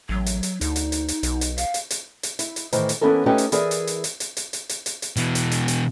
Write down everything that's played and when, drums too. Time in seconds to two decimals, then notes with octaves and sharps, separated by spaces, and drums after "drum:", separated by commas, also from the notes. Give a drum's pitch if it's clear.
0.09 A1 F#3
0.26 drum: hi-hat
0.43 drum: hi-hat
0.61 D2 D#4, drum: hi-hat
0.76 drum: hi-hat
0.92 drum: hi-hat
1.08 drum: hi-hat
1.23 B1, drum: hi-hat
1.41 drum: hi-hat
1.58 F5, drum: hi-hat
1.74 drum: hi-hat
1.91 drum: hi-hat
2.23 drum: hi-hat
2.39 E4, drum: hi-hat
2.56 drum: hi-hat
2.73 A2 D#3 E3 C5, drum: hi-hat
2.89 drum: hi-hat
3.01 E3 B3 C#4 E4 A4 A#4
3.26 A3 C#4 D#4 G4 B4 C#5
3.38 drum: hi-hat
3.52 E3 G#4 A#4 D5 E5, drum: hi-hat
3.71 drum: hi-hat
3.87 drum: hi-hat
4.04 drum: hi-hat
4.20 drum: hi-hat
4.37 drum: hi-hat
4.53 drum: hi-hat
4.69 drum: hi-hat
4.86 drum: hi-hat
5.02 drum: hi-hat
5.16 B2 E3, drum: hi-hat
5.35 drum: hi-hat
5.51 drum: hi-hat
5.68 drum: hi-hat